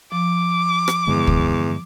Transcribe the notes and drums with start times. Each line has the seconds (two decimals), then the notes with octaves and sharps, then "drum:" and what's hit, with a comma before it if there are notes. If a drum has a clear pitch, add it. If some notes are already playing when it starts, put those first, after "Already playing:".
0.12 F3 D6
0.88 drum: rim click
1.08 E2 G2 D3 G#3
1.27 drum: kick